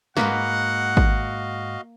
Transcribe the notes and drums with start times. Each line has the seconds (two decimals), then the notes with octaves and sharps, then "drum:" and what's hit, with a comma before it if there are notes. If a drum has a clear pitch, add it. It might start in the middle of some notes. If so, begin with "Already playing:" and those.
0.17 D2 G#2 A#3 F#4 B4 D#5 F5 F#5, drum: snare
0.97 drum: kick